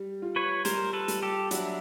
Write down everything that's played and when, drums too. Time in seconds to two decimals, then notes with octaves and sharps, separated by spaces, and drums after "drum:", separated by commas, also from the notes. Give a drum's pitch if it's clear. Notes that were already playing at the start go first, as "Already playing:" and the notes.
Already playing: G3
0.22 F4
0.36 B4 C#5
0.65 G3 A#4 C5, drum: hi-hat
0.93 A4 B4
1.08 G3, drum: hi-hat
1.22 G4 A4
1.51 F#3 D4 E4, drum: hi-hat